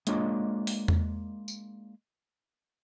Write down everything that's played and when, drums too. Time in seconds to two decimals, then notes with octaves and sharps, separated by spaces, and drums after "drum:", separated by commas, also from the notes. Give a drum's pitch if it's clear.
0.07 G#3 A#3 D4 F4 C#5 D#5, drum: hi-hat
0.67 drum: open hi-hat
0.88 drum: tom E2
1.48 drum: tambourine